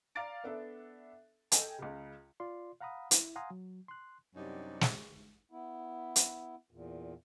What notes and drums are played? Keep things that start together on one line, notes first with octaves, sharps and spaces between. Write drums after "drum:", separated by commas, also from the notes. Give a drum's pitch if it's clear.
D5 F5 A#5 D6 A6 D7
B3 D4 A4 E5
A4 D#5 G5 G#5, drum: hi-hat
C#2 C#3
F4 D5 C6
F5 F#5 A#5 B5 D#6
E4, drum: hi-hat
F5 F#5 G#5 A#5 C6 D#6
F#3
C6 F#6
F#2 C3 F#3 G3 D4 D#4
drum: snare
B3 E4
drum: hi-hat
E2 A#2